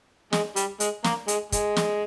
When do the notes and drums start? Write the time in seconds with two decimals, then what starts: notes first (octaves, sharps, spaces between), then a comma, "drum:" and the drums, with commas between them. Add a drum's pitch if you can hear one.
0.33 G#3, drum: snare
0.56 G3, drum: hi-hat
0.80 G#3, drum: hi-hat
1.04 A#3, drum: snare
1.28 G#3, drum: hi-hat
1.52 G#3, drum: kick, hi-hat
1.76 drum: snare